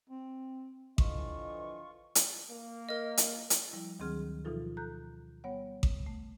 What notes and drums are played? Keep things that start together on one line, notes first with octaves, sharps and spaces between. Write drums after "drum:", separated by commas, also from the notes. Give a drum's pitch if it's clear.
C4
D3 E3 F3 F4 D#5 C#6, drum: kick A1
drum: hi-hat
A#3
A#4 D#5
drum: hi-hat
drum: hi-hat
F3 G3 E4
D2 D#3 F#3 C4 G#4 F6
B2 E3 F3 D#4 F4 A4
A4 A#5 F#6 G6
G3 B3 C#5 F#5
drum: kick A1
A3